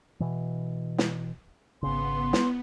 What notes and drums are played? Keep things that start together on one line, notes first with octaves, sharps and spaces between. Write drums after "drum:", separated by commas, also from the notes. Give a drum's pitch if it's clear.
B2 E3
drum: snare
G#1 C#3 B3 C6
drum: snare